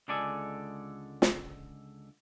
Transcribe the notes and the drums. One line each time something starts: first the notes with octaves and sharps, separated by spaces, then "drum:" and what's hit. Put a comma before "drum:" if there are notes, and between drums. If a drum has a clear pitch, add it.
C#2 D3 G#3 A4 D5 G#5
drum: snare